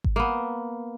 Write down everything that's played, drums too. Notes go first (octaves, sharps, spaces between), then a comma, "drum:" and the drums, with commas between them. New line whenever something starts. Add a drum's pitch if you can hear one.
drum: kick G#1
A#3 B3